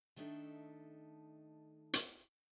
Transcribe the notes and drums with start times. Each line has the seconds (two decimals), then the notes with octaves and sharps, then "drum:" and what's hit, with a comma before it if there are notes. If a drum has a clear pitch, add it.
0.16 D#3 A3 D4 D#4 A4 E5
1.93 drum: hi-hat